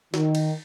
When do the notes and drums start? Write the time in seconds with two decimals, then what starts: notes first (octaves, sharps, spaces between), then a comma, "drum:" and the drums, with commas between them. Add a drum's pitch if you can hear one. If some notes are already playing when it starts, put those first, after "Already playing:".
0.14 D#3, drum: snare
0.35 drum: cymbal